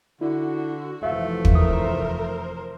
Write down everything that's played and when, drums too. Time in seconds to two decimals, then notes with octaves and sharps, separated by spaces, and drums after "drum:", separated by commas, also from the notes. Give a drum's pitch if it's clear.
0.21 D3 E4 F#4
1.03 F1 E3 F3 A3 E5 F5
1.45 drum: kick
1.55 A#4 C5 D#6